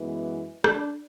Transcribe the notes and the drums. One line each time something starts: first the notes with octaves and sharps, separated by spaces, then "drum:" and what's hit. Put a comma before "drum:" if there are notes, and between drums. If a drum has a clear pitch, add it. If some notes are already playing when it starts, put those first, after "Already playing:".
Already playing: F#2 E3 G#3 B3
D4, drum: rim click